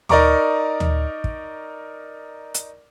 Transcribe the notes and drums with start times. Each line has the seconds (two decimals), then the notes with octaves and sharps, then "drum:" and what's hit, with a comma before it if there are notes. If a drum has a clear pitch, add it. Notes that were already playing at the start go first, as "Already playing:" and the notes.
0.09 D#4 A#4 D5 A#5 C#6 D6, drum: tom D2
0.80 drum: tom D2
1.24 drum: kick
2.54 drum: hi-hat